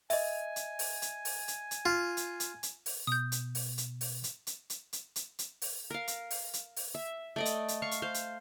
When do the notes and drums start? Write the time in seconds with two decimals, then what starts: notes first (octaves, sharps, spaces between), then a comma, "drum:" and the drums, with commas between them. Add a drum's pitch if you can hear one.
0.10 D#5 E5 G#5, drum: open hi-hat
0.56 drum: hi-hat
0.79 drum: open hi-hat
1.02 drum: hi-hat
1.25 drum: open hi-hat
1.48 drum: hi-hat
1.71 drum: hi-hat
1.86 F4
2.17 drum: hi-hat
2.40 drum: hi-hat
2.63 drum: hi-hat
2.86 drum: open hi-hat
3.07 B2 D#6 G6
3.32 drum: hi-hat
3.55 drum: open hi-hat
3.78 drum: hi-hat
4.01 drum: open hi-hat
4.24 drum: hi-hat
4.47 drum: hi-hat
4.70 drum: hi-hat
4.93 drum: hi-hat
5.16 drum: hi-hat
5.39 drum: hi-hat
5.62 drum: open hi-hat
5.90 A#4 F5
6.08 drum: hi-hat
6.31 drum: open hi-hat
6.53 drum: hi-hat
6.76 drum: open hi-hat
6.94 E5
7.36 A3 D5 D#5
7.45 drum: hi-hat
7.68 drum: hi-hat
7.82 F5 C#6
7.91 drum: hi-hat
8.02 C5 F5
8.14 drum: hi-hat